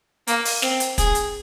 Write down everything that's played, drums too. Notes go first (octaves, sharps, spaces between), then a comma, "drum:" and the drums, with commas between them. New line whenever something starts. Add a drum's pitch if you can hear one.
A#3, drum: hi-hat
drum: open hi-hat
C4, drum: snare
drum: hi-hat
G#4, drum: kick, hi-hat
drum: hi-hat